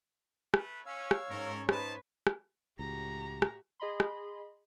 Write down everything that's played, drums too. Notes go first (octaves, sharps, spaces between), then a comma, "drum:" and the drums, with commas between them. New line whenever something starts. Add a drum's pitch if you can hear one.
A3 B4, drum: rim click
C#4 C#5 F5 E6
drum: rim click
G#2 C#4 A4 A#4
D#4 F4 B4 C5 D#5 A5, drum: rim click
drum: rim click
C#2 A2 F#4 G4 A#5
drum: rim click
G#4 D#5 B5 C6
drum: rim click